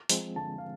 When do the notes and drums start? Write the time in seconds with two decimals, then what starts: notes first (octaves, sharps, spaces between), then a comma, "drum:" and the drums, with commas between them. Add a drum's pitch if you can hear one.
0.09 F3 G#3 C4, drum: hi-hat
0.36 D3 A5
0.58 F5